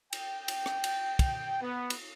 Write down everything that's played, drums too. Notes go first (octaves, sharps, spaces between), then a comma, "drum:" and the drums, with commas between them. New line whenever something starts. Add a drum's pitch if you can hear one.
G5, drum: cymbal
drum: cymbal
drum: rim click
drum: cymbal
drum: kick, cymbal
B3
drum: cymbal